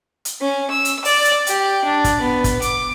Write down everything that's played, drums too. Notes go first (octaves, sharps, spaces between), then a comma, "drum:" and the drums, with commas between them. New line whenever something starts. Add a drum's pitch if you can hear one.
drum: hi-hat
C#4
E6
drum: hi-hat
D5, drum: open hi-hat
drum: hi-hat
G4, drum: hi-hat
D4
drum: kick, hi-hat
B3
drum: kick, hi-hat
D6, drum: hi-hat